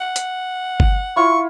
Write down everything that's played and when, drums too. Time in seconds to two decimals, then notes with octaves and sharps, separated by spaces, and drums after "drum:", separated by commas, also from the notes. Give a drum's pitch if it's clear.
0.01 F#5
0.16 drum: hi-hat
0.80 drum: kick G1
1.16 E4 F4 C#6